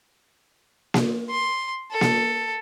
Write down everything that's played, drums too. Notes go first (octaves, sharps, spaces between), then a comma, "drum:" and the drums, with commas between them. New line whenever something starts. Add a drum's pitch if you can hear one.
drum: snare A#3
C6
A4
drum: snare A#3